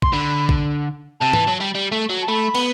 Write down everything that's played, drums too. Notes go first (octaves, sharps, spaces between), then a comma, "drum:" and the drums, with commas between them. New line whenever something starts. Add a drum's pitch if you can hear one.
C6, drum: kick A#1
D3 B5
drum: kick A#1
C3 A5
E3, drum: tom
F#3
G3
G3
A3
F#3
A5
A3 B5
B3, drum: cymbal